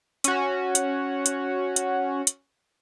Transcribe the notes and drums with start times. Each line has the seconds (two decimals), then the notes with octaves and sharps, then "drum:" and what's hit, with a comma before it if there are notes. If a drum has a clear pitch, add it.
0.24 C#4 F#4, drum: hi-hat
0.75 drum: hi-hat
1.26 drum: hi-hat
1.76 drum: hi-hat
2.27 drum: hi-hat